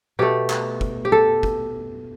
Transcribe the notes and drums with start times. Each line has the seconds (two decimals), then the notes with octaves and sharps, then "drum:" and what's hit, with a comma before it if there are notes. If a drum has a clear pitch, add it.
0.19 B2 A3 G4
0.50 drum: clap
0.81 drum: kick
1.05 G4
1.12 A4
1.43 drum: kick